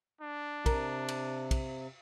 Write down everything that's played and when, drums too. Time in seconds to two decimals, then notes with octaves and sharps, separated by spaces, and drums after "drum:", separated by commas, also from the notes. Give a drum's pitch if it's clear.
0.21 D4
0.66 C3 A#4, drum: kick, cymbal
1.08 drum: cymbal
1.51 drum: kick, cymbal